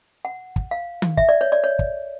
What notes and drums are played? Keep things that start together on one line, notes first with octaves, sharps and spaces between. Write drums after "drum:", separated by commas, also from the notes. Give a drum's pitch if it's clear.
F#5
drum: kick
F5
drum: tom D#3
E5, drum: kick
D5
C#5
D5
C#5
drum: kick